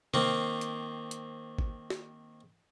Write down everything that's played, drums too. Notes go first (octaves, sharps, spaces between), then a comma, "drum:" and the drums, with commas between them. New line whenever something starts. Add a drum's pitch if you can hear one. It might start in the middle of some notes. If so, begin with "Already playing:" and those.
D#3 A#3 C4, drum: tom C3
drum: hi-hat
drum: hi-hat
drum: kick G#1
drum: snare